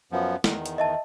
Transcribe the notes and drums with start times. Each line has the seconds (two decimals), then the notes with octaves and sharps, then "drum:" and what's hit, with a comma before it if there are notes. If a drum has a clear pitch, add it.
0.12 F#2 F3 B3
0.44 E2 D#3, drum: snare
0.66 drum: hi-hat
0.78 D#5 E5 A5